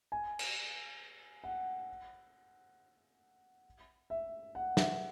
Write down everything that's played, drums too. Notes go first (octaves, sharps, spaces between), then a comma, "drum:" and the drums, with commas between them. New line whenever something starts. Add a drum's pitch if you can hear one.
G#5
drum: cymbal
F#5
E5
F#5
E5, drum: snare